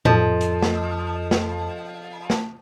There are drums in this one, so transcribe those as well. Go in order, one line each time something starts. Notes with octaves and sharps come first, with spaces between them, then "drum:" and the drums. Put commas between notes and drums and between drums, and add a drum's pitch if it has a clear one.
F2 F3 A4 D#5, drum: tom A2
drum: hi-hat
drum: snare
drum: snare
drum: snare